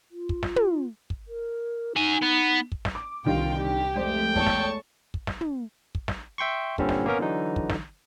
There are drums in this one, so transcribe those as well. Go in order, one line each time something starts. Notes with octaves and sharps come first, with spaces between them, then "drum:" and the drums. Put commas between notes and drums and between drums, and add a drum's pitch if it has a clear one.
F4
drum: kick
drum: snare
drum: tom
drum: kick
A#4
D#4 F#4 G#5
B3
drum: kick
drum: snare
D6
C2 D3 D#3 G3 F4 G5
G4
F1 G#3 A3 C5 D5 G5
E2 A4 C#5 A5 C#6, drum: kick
drum: snare
drum: kick
drum: snare
drum: tom
drum: kick
drum: snare
E5 G5 C6 C#6
G2 A#2 D3 G3 C4 C#4, drum: kick
drum: snare
A#3 B3 C#4 A#4
D3 E3 F#3 D#4
drum: kick
drum: snare